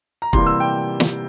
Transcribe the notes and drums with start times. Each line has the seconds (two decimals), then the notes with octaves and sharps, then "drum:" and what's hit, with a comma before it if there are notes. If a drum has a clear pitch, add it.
0.22 A#5
0.33 C3 E3 G3 A#3 C6, drum: kick
0.46 E6
0.60 G5
1.00 drum: snare